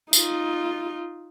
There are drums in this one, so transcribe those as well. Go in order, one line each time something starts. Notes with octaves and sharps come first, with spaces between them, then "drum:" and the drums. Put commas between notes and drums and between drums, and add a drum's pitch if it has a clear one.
D#4 F4, drum: tambourine